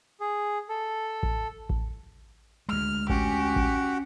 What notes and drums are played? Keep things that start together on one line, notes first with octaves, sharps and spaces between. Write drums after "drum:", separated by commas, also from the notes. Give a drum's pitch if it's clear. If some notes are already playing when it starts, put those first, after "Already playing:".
G#4
A4
drum: kick A1
drum: kick A1
D2 G#3 F6
C#4 F#4 G4 F#5, drum: kick A1
drum: kick A1